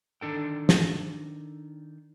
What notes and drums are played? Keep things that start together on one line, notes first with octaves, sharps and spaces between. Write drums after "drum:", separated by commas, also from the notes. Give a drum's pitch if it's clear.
D#3 D4 A4 G5
drum: snare